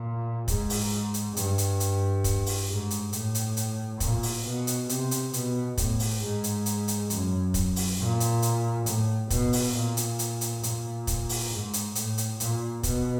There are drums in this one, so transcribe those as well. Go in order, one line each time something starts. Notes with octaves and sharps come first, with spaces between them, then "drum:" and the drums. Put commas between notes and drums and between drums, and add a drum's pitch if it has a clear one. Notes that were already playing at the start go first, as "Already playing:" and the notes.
Already playing: A#2
G#2, drum: kick, hi-hat
drum: open hi-hat
drum: hi-hat
G2, drum: hi-hat
drum: hi-hat
drum: hi-hat
drum: kick, hi-hat
drum: open hi-hat
G#2
drum: hi-hat
A2, drum: hi-hat
drum: hi-hat
drum: hi-hat
A#2, drum: kick, hi-hat
drum: open hi-hat
B2
drum: hi-hat
C3, drum: hi-hat
drum: hi-hat
B2, drum: hi-hat
A2, drum: kick, hi-hat
drum: open hi-hat
G#2
drum: hi-hat
drum: hi-hat
drum: hi-hat
F#2, drum: hi-hat
drum: kick, hi-hat
drum: open hi-hat
A#2
drum: hi-hat
drum: hi-hat
A2, drum: hi-hat
B2, drum: kick, hi-hat
drum: open hi-hat
A#2
drum: hi-hat
drum: hi-hat
drum: hi-hat
A#2, drum: hi-hat
drum: kick, hi-hat
drum: open hi-hat
G#2
drum: hi-hat
A2, drum: hi-hat
drum: hi-hat
A#2, drum: hi-hat
B2, drum: kick, hi-hat